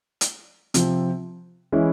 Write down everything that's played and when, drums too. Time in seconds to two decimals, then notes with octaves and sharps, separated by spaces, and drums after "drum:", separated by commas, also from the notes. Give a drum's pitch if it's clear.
0.21 drum: hi-hat
0.74 C3 F3 C4, drum: hi-hat
1.72 E3 G#3 C#4 E4